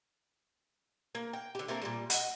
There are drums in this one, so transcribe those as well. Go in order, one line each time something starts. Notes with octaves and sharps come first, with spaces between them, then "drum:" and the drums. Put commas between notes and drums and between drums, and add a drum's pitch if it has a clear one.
A#3
G5
D3 G4
A3 A#3 C4 A#4
A#2 C#3 G3
D#5 F#5, drum: hi-hat